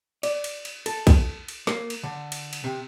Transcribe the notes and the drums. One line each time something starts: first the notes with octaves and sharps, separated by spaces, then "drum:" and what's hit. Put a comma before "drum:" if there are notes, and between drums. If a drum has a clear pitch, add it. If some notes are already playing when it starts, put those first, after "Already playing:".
D5, drum: cymbal
drum: cymbal
drum: cymbal
A4, drum: cymbal
drum: kick, cymbal
drum: cymbal
A#3, drum: snare
drum: cymbal
D3
drum: cymbal
drum: cymbal
C3